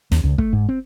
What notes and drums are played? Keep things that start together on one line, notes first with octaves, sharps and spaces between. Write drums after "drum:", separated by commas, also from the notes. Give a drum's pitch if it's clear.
D#2, drum: snare
C#2
A3, drum: kick
G#2
C4